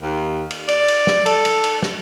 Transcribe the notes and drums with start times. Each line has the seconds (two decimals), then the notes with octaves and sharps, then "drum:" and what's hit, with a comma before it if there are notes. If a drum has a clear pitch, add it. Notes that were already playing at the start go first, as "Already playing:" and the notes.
0.02 D#2
0.51 drum: cymbal
0.68 D5, drum: cymbal
0.88 drum: cymbal
1.07 drum: snare
1.26 A4, drum: cymbal
1.45 drum: cymbal
1.64 drum: cymbal
1.82 drum: snare